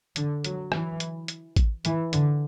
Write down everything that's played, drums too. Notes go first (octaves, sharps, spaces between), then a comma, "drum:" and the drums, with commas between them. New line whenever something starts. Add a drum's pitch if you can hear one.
D3, drum: hi-hat
F#3, drum: hi-hat
E3, drum: rim click
drum: hi-hat
drum: hi-hat
drum: kick A1, hi-hat
E3, drum: hi-hat
D3, drum: hi-hat